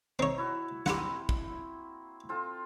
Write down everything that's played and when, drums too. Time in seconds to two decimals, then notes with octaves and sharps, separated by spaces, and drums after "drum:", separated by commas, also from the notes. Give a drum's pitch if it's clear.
0.19 C4 D#4 C#5 E6
0.38 E4 F#4
0.86 A#3 C4 E4 G4 F#5, drum: snare
1.29 drum: kick
2.29 C4 F4 A4